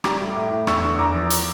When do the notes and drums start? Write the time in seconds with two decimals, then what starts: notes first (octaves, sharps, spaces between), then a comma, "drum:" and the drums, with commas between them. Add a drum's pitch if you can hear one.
0.04 G3 A#5 D6, drum: rim click
0.21 A2
0.36 A2
0.51 A2
0.67 E2 C#6 E6, drum: rim click
0.83 D3 C#6 E6
0.98 E2 A#5 D6
1.14 F3
1.30 drum: hi-hat